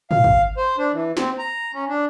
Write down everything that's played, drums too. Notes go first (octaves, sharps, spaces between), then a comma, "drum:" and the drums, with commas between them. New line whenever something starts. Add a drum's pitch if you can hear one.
F5, drum: tom G#2
drum: kick
C5
D4
E3
C4, drum: snare
A#5
C#4
D4